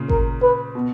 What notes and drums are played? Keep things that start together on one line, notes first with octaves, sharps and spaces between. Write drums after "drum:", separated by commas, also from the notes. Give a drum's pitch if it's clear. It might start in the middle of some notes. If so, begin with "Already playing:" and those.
Already playing: A#2 C#3
A#4, drum: kick G#1
B4
B2